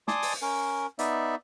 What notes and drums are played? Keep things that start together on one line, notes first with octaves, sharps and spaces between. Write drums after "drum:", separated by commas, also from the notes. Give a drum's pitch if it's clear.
D5 G#5 A5 C6 D6 D#6, drum: snare
drum: open hi-hat
C#4 A#4
B3 D#4 D5 E5, drum: hi-hat